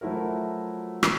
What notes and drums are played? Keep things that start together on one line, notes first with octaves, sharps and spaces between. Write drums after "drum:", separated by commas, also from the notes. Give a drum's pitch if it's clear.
F3 F#3 A3 E4 F#4 A#4
drum: rim click